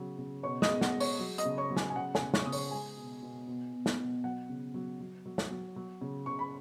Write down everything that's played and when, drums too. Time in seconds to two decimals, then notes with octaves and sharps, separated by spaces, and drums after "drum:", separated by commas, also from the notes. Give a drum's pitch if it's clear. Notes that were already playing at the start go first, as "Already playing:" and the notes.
Already playing: C#3 F#3
0.18 C#3
0.43 B2 C#5 C#6
0.62 D#5 D#6, drum: snare
0.69 G#3
0.81 F#5, drum: snare
0.94 G#3
1.00 C#5 C#6, drum: open hi-hat
1.19 F#3
1.38 D#5 D#6, drum: hi-hat
1.45 C#3
1.58 C#5 C#6
1.70 F#3
1.77 G#5, drum: snare
1.90 G#5
1.95 C#3 F#5
2.15 G#5, drum: snare
2.21 C#3
2.34 C#5 C#6, drum: snare
2.46 C#3 D#6
2.52 C#5 C#6, drum: open hi-hat
2.71 G#3 G#5
2.97 B2
3.23 B2
3.48 B2
3.73 B2
3.86 drum: snare
3.99 B2
4.24 F#3 F#5
4.49 C#3
4.74 F#3
5.00 F#3
5.26 F#3
5.38 drum: snare
5.50 F#3
5.76 F#3
6.01 C#3
6.26 C#3 C#6
6.39 B5